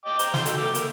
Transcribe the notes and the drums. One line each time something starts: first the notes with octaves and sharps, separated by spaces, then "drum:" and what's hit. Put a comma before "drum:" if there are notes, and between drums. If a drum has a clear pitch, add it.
D#5 G5 D6
C5 G5 A#5, drum: hi-hat
D#4 C6, drum: snare
F#4 A4 G5, drum: hi-hat
A3 G5 D6
A#3, drum: hi-hat